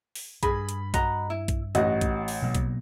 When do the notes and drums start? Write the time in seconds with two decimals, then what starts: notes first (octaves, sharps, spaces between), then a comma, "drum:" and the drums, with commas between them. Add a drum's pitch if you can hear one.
0.15 drum: open hi-hat
0.43 G2 G#4 B5, drum: kick A#1, hi-hat
0.69 drum: hi-hat
0.94 F#4 D#5 A#5, drum: kick A#1, hi-hat
1.30 E4
1.48 drum: kick A#1, hi-hat
1.75 A1 D#4 F#4 D#5, drum: hi-hat
2.01 drum: kick A#1, hi-hat
2.28 drum: open hi-hat
2.42 B2 F#3 A#3
2.55 drum: kick A#1, hi-hat